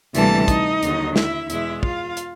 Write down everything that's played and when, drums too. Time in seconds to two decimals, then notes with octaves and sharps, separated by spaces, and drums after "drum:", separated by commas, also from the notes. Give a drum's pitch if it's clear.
0.15 D2 C3 E3 G3 A#3 A4 A5, drum: hi-hat
0.48 D#4 D#5, drum: kick, hi-hat
0.83 D#2 D3 F#3, drum: hi-hat
1.16 E4 E5, drum: snare
1.50 E2 B2 G#3 E4 E5, drum: hi-hat
1.83 F4 F5, drum: kick
2.17 drum: hi-hat